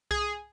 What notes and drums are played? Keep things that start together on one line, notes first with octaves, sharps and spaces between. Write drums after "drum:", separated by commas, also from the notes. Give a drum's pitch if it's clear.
G#4, drum: kick C2